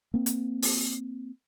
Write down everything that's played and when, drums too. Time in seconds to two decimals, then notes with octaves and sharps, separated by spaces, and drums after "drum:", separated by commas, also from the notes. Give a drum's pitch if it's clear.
0.14 A#3 C4
0.26 drum: hi-hat
0.62 drum: open hi-hat